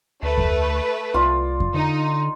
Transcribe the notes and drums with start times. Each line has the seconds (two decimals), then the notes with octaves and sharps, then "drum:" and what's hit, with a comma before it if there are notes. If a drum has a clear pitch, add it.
0.23 D2 A3 B4
0.38 drum: kick F2
1.14 C2 F4 D5
1.60 drum: kick F2
1.74 D3 D#4